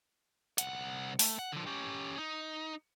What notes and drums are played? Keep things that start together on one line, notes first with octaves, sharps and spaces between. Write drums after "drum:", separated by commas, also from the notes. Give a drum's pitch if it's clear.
C2 F#5, drum: hi-hat
A3, drum: open hi-hat
F#5
D3 F3
C#4 G4
D#4